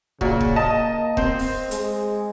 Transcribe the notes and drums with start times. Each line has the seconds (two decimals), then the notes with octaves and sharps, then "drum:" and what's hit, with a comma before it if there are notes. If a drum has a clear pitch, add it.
0.21 A#2 C#3 F#4, drum: kick
0.41 drum: kick
0.56 A#3 D#5 A5
1.17 C4 C5, drum: kick
1.39 drum: open hi-hat
1.71 G#3, drum: hi-hat